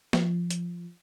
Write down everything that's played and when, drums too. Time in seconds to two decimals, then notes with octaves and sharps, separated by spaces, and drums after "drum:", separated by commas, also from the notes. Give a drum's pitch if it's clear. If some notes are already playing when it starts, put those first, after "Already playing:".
0.13 F3, drum: snare
0.50 drum: hi-hat